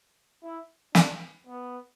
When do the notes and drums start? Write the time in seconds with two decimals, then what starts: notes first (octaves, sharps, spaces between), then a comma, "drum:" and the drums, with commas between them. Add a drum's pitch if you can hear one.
0.42 E4
0.95 D4, drum: snare
1.47 B3